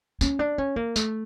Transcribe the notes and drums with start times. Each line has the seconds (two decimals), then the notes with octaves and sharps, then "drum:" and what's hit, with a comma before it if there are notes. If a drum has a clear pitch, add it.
0.21 C#4, drum: tambourine
0.39 D4
0.58 C#4
0.76 A#3
0.96 A3, drum: tambourine